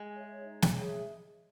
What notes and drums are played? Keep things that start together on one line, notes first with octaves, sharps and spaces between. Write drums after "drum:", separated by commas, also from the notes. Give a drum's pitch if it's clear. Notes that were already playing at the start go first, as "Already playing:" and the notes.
Already playing: G#3
G#4 C#5 E5
D#4
drum: snare
G#4 C#5 E5